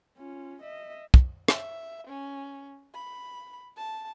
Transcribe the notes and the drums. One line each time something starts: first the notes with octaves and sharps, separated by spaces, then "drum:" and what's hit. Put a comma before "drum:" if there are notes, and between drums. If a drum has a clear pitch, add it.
C#4 F4
D#5 E5
drum: kick
E5, drum: rim click
C#4
B5
A5